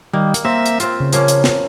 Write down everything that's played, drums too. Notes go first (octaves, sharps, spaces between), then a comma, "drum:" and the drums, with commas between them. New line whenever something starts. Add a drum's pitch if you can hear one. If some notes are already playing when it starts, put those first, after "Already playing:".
D#3 G3 A#3
drum: hi-hat
A#3 C4 E5
drum: hi-hat
C4 F4, drum: hi-hat
C#3
F3 A#3 C#4, drum: hi-hat
drum: hi-hat
drum: snare